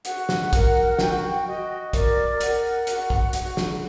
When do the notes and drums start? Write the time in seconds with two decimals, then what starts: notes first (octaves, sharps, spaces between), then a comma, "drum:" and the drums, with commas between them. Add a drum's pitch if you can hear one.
0.05 F#4 F#5, drum: hi-hat
0.29 drum: snare
0.53 A#4, drum: kick, hi-hat
0.99 F#4 G5, drum: snare
1.11 F#5
1.21 G5
1.46 F#4 D#5
1.93 A#4 D5, drum: kick, hi-hat
2.40 A#4 F#5, drum: hi-hat
2.87 F#4, drum: hi-hat
3.10 drum: kick
3.33 F#4, drum: hi-hat
3.57 drum: snare